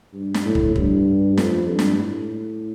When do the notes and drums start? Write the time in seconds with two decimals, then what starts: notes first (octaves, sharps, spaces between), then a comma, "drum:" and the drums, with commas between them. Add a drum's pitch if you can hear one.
0.14 G2
0.34 drum: snare
0.45 A2
0.55 drum: kick
0.76 G2, drum: kick
1.37 F2, drum: snare
1.68 G2
1.79 drum: snare
1.99 A2